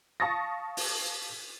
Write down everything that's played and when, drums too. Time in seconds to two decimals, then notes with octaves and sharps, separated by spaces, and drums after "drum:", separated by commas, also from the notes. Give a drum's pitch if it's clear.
0.20 F5 A5 C#6 D#6 A6 A#6
0.77 drum: open hi-hat